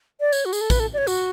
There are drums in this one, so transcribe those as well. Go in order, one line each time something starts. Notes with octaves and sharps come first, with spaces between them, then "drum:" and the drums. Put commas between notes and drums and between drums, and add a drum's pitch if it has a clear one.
D5
C#5, drum: tambourine
F#4
G#4, drum: tambourine
A4
B4, drum: kick A#1, tambourine
A4
D5
C#5
F#4, drum: tambourine